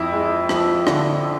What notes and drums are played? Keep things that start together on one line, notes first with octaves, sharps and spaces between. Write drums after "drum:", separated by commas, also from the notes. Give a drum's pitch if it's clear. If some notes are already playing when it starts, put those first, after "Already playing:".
Already playing: F2 E4
G#3
F3, drum: rim click
D3, drum: rim click